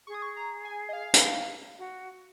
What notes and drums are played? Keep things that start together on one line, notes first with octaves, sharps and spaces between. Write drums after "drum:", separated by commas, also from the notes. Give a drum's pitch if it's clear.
G#4 C#6
D#6
C#6
A#5
G#5
D#5
F5
drum: hi-hat
F#4